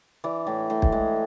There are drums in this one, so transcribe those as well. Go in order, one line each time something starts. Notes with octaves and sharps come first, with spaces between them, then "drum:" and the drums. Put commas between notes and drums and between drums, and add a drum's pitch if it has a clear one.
E3 D5
A2
A2
drum: kick
G#3